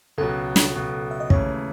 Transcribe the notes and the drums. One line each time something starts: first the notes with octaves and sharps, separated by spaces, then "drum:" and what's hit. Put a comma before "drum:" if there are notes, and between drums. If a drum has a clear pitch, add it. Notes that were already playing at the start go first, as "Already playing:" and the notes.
C#2 B2 F#3 A4
drum: snare
C#2 B2 F#3
E5
D#5
D#2 C#3 E3 A3 C#5, drum: kick